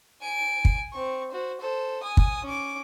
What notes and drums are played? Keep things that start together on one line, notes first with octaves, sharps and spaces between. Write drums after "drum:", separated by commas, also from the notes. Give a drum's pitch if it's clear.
G#5 D7
drum: kick
C4 C#6
F#4 C5
A4 C5
G#5 D#6
drum: kick
C#4 D6